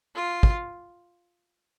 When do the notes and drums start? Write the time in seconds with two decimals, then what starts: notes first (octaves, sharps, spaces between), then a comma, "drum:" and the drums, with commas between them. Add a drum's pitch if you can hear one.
0.16 F4
0.43 drum: kick